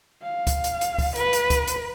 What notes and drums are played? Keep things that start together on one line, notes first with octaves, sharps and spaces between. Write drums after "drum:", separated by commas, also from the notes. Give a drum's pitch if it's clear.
F5
drum: kick C#2, hi-hat
drum: hi-hat
drum: hi-hat
drum: kick C#2, open hi-hat
B4, drum: hi-hat
drum: hi-hat
drum: kick C#2, hi-hat
drum: hi-hat